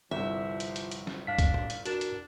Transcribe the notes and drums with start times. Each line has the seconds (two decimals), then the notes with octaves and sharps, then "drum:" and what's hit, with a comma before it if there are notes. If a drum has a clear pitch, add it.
0.11 G1 C2 F3 E5
0.60 drum: hi-hat
0.76 drum: hi-hat
0.91 drum: hi-hat
1.07 drum: snare
1.27 D4 F5 B6
1.39 drum: kick C2, hi-hat
1.54 drum: tom A2
1.70 drum: hi-hat
1.86 D4 F#4 A#4, drum: hi-hat
2.01 drum: hi-hat